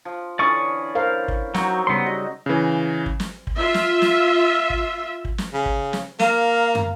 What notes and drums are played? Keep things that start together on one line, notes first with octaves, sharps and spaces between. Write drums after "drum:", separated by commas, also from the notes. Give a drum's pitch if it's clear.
F3
D3 E3 C#4 D5 C#6 D#6
A#4 C5 F5
drum: kick
F#3 C4 D#4 F#4, drum: snare
C#3 G3 B3 C#5 C6
F#3 D#5
C#3 E3
drum: kick
drum: snare
drum: kick
F4 E5
drum: snare
drum: snare
drum: kick
drum: kick
drum: snare
C#3
drum: kick
drum: snare
A#3 F5 A#5, drum: snare
drum: tom